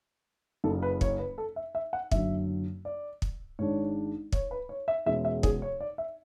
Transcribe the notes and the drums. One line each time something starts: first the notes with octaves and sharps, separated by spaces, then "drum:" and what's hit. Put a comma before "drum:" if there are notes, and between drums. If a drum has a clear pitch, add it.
F#1 F#2 C#3 A4
B4
C#5, drum: kick
B4
A4
E5
E5
F#5
F#1 F#2 D3 F#3 E5, drum: kick
D5
drum: kick
G#1 G#2 G#3 D4 C#5
C#5, drum: kick
B4
C#5
E5
E2 B2 G#3 C#4 E5
E5
G#4, drum: kick
C#5
D5
E5